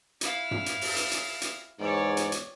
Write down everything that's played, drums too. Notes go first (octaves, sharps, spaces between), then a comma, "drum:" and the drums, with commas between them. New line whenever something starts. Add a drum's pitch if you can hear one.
E4 F5, drum: hi-hat
drum: tom
drum: hi-hat
drum: open hi-hat
drum: hi-hat
drum: hi-hat
drum: hi-hat
E2 G#2 C#5 D5
drum: hi-hat
drum: hi-hat